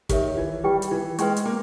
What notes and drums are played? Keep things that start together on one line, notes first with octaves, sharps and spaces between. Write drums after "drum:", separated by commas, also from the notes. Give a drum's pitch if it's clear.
D#3 G4 A#4 C#5 E5, drum: kick, hi-hat
E3
G3 G4 B4 G5 C#6
drum: hi-hat
E3
G#3 B4 G5 C#6, drum: hi-hat
drum: hi-hat
A#3